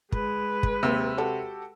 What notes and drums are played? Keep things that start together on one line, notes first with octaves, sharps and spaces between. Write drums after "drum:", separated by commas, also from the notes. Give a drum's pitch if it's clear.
G#3 B4, drum: kick
drum: kick
D#2 C3 E6
F#4 G4 A4